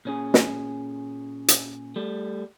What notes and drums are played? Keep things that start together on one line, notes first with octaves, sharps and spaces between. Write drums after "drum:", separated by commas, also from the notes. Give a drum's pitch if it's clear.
A#2 C#4 G#4
drum: snare
drum: hi-hat
G3 A3